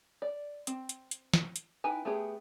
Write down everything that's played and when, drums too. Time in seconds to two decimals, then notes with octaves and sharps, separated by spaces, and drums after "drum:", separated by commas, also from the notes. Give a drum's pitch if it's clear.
0.22 D5
0.67 C4, drum: hi-hat
0.89 drum: hi-hat
1.11 drum: hi-hat
1.34 drum: snare
1.56 drum: hi-hat
1.84 D#4 E4 B4 G5 G#5
2.05 A3 B3 G4 G#4